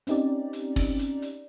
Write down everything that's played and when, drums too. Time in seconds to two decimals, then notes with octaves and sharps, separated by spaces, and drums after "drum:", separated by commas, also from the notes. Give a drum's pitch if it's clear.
0.07 C4 C#4 D#4 G4 D5, drum: hi-hat
0.53 drum: hi-hat
0.76 drum: kick, open hi-hat
0.99 drum: hi-hat
1.22 drum: hi-hat